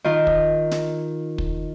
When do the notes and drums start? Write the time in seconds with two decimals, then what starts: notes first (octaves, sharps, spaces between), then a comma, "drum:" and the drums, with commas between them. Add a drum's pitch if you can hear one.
0.04 D#3 F4
0.27 drum: kick
0.71 drum: snare
1.38 drum: kick